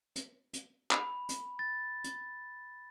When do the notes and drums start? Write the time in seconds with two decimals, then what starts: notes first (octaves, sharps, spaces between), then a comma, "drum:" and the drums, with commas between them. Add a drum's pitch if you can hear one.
0.16 drum: hi-hat
0.53 drum: hi-hat
0.91 B5, drum: clap
1.29 drum: hi-hat
1.59 A6
2.04 drum: hi-hat